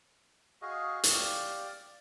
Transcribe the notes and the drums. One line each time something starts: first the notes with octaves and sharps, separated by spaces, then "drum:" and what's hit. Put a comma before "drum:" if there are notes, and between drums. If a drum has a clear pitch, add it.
F#4 G#4 D#5 F5
drum: hi-hat
G4 D5 F5